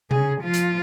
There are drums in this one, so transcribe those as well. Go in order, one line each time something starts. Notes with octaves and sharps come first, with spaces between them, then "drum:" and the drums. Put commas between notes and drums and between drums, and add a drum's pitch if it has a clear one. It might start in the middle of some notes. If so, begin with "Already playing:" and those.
C#3 G#4, drum: tom C3
F3 F4
drum: hi-hat